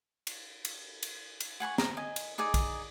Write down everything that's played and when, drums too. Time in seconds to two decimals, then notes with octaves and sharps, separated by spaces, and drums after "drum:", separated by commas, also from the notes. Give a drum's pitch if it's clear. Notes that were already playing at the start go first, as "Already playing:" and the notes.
0.27 drum: cymbal
0.65 drum: cymbal
1.03 drum: cymbal
1.40 drum: cymbal
1.60 F#5 G#5 B5 C#6
1.78 A#5, drum: snare
1.97 D#5 G#5
2.16 drum: cymbal
2.38 D#4 G#4 D5 G#5
2.54 drum: kick, cymbal